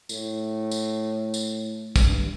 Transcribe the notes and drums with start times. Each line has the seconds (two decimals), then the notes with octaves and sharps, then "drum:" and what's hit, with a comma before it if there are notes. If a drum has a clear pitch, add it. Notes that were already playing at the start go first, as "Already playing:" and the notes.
0.09 A2, drum: tambourine
0.71 drum: tambourine
1.34 drum: tambourine
1.96 G2, drum: kick, tambourine